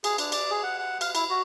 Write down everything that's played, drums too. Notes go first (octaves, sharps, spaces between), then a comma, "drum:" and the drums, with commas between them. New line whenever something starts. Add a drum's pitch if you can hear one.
G#4, drum: cymbal
D4, drum: cymbal
D5, drum: cymbal
G#4
F#5
F#5
F5, drum: cymbal
E4, drum: cymbal
F#4